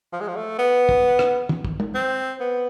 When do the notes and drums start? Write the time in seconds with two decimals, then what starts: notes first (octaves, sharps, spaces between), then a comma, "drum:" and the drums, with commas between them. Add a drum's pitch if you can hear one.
0.13 F3
0.20 G#3
0.28 F3
0.36 A3
0.59 B3
0.89 drum: kick
1.19 drum: rim click
1.49 drum: tom
1.65 drum: kick
1.80 drum: tom
1.94 C4
2.40 B3